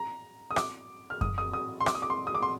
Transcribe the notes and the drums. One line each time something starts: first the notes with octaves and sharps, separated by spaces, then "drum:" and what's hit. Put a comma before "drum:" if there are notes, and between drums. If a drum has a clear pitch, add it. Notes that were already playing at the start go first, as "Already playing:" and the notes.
Already playing: A#5
D#6
D6, drum: rim click
F6
D#6, drum: kick F#2
D#6
D#6
C6
D6, drum: rim click
D#6
D6
C6
D#6
D6
C6